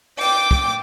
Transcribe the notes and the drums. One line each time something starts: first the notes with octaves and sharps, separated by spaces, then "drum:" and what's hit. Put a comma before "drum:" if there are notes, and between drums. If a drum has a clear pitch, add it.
G5 D6, drum: cymbal
drum: kick